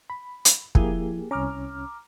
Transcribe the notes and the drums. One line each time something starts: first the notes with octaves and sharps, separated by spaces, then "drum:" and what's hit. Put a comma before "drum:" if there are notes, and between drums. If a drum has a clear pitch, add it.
B5
drum: hi-hat
F3 A#3 E4 G4 G#4, drum: kick
C2 C#4 A#5 D6 F6